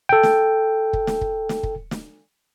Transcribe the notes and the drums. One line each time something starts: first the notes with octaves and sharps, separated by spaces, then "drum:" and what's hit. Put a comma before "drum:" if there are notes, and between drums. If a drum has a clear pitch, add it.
A4 G5
drum: snare
drum: kick
drum: snare
drum: kick
drum: snare
drum: kick
drum: snare